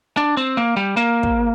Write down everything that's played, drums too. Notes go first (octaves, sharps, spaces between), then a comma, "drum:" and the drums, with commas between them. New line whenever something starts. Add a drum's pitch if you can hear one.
D4
C4
A#3
G3
A#3
drum: kick